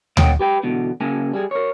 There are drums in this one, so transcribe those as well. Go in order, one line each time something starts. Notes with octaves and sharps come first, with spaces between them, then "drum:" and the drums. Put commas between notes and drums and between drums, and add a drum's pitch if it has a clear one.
A#3 C#5 D#5 F#5 G5, drum: tom D2
G4 B4 G5
E2 B2 D3
C#3 A#3 G#5
G3 G#4
A#4 C#5